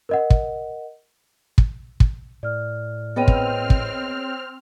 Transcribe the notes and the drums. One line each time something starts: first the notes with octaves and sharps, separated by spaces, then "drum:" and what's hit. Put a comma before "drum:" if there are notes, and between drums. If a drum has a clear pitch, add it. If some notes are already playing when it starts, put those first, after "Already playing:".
A#4 D#5 F#5
drum: kick
drum: kick
drum: kick
A2 D5 F6
B3 C4 G#4 C#5 D#5 G5 F6 D#7
drum: kick
drum: kick